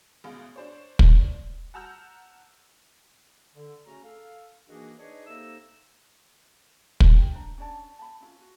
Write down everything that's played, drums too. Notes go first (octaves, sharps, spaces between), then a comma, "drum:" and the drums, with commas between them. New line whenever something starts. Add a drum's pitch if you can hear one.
A1 B2 G#3 F5
D4 C5 C#5
drum: kick
F#5 A5 A#5 E6 F6 G6
D3
C#3 A3 C#4 F#4 A#5
A4 F5
D#3 E3 A#3 D4 F#4 G#4
D4 D#4 G#4 B4 C#5 D#5
C3 A#3 D#4 A4 E5 E6
drum: kick
G4
D4 C5 A#5
C#4 D4 D5 A5
A5 B5
C#4 E4 F4
F#4